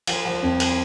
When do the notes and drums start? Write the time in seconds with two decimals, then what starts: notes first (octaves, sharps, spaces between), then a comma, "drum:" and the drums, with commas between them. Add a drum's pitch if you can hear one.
0.07 F3, drum: cymbal
0.25 F3
0.43 F2
0.60 drum: cymbal